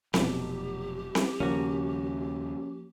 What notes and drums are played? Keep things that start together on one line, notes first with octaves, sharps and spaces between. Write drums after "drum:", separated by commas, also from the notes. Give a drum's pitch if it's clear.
F1 B2 F3 F#3 G4, drum: snare C4
drum: snare C4
D#2 C#3 F3 G3 A#3 C#4 F#4